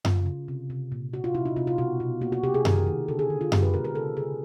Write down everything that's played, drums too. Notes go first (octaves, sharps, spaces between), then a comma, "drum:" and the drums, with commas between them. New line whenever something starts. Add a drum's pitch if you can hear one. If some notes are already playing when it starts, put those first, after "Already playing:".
C#3 F4, drum: tom F#2
C#3
C3
C3
A#2
A#2 F#4
F4
C3 E4
D#4
C3 F4
F4
B2 F#4
B2
A#3 F#4
F#4
C3 G4
G#4
D#3 A#4, drum: tom F#2
D#3
D3 A4
G#4
D3
F4
G#3 G4, drum: tom F#2
B4
B2 A#4
A#4
C#3 A4
C#3 G#4